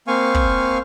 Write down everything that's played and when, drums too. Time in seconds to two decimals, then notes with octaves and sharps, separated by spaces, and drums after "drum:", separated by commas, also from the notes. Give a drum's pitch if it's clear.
0.07 A#3 C4 F5 G#5 C#6
0.34 drum: kick